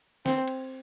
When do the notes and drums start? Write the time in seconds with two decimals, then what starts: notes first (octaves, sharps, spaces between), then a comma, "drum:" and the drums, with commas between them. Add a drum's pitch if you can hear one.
0.26 C4, drum: snare
0.47 drum: cymbal